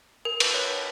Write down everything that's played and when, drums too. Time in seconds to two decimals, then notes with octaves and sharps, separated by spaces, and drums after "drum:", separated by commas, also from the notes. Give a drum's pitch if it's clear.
0.25 A#4
0.40 B4, drum: cymbal
0.54 C#5